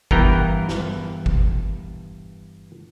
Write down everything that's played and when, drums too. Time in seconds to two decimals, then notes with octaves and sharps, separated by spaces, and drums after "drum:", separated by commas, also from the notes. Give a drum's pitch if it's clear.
0.11 G2 E3 B3 A#4 G5 A#5, drum: kick
0.69 drum: snare
1.26 drum: kick